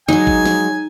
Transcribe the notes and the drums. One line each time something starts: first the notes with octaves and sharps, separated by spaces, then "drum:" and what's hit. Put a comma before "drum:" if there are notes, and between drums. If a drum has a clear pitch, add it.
F#3 G#3 D#4 G#5
drum: kick G#1
drum: snare